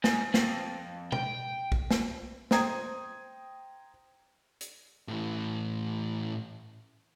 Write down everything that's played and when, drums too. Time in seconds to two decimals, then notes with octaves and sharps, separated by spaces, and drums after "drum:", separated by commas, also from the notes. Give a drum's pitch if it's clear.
0.04 G#2, drum: snare
0.34 F2, drum: snare
1.12 G5, drum: tom
1.72 drum: kick B1
1.91 drum: snare
2.51 C5 G5 A#5 D#6 G#6, drum: snare
4.61 drum: hi-hat
5.08 A2 E3